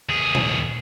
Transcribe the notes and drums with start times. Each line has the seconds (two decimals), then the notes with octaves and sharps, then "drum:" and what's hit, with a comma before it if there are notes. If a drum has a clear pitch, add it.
0.09 D#2 G#4
0.35 drum: tom A#2